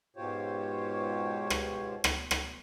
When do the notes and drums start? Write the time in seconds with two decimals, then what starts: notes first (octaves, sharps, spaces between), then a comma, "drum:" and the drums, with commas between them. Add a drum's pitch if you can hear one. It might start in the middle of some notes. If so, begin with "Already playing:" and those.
0.16 G#2 B2 F4 G4 C5 C#5
1.50 drum: rim click
2.04 drum: rim click
2.31 drum: rim click